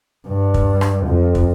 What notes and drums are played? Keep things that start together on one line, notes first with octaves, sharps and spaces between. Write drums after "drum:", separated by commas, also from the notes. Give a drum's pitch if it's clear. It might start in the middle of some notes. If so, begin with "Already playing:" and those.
G2
drum: kick
drum: rim click
F2
drum: kick